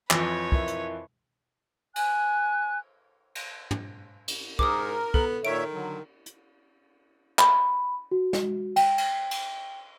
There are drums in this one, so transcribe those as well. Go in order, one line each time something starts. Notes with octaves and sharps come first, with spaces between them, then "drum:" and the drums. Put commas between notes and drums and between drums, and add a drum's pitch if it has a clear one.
F2 E3 F3 B4 C#5 G#6 A#6, drum: clap
E4 A#4 E5, drum: kick
drum: hi-hat
G#5 F#6, drum: cymbal
drum: cymbal
drum: tom
drum: cymbal
G#2 A#4 D6 D#6, drum: kick
B3 A4, drum: kick
A#2 D#3 C#5 E5 D7
D3 F#3
drum: hi-hat
B5, drum: clap
F#4
drum: snare
G5, drum: cymbal
drum: cymbal
drum: cymbal